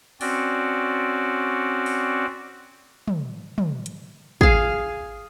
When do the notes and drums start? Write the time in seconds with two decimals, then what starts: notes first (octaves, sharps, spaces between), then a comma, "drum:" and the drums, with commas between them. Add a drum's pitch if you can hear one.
0.21 C4 C#4 F#4 D5, drum: open hi-hat
1.86 drum: open hi-hat
3.08 drum: tom
3.58 drum: tom
3.86 drum: hi-hat
4.41 G#4 F5, drum: kick